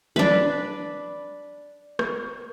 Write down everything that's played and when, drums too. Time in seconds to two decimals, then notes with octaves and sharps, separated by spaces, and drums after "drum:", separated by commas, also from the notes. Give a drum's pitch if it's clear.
0.16 D4 B4, drum: tom F3
1.99 drum: rim click